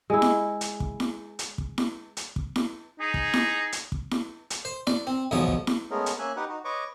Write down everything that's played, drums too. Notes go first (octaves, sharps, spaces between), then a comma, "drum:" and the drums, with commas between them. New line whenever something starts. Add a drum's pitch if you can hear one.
G#3 E4
drum: snare E4
drum: hi-hat
drum: kick
drum: snare E4
drum: hi-hat
drum: kick
drum: snare E4
drum: hi-hat
drum: kick
drum: snare E4
D#4 G#4
drum: kick
drum: snare E4
drum: hi-hat
drum: kick
drum: snare E4
drum: hi-hat
C5
D5, drum: snare E4
C4
B1 E2 G#2 F3 C#5
drum: kick
drum: snare E4
G#3 A3 B3 C#4 G#4 A#4
drum: hi-hat
A#3 C#4 E5 G#5 F#6
D#4 G4 B4 F#5
D#4 F#4
B4 C#5 D#5 C#6 D6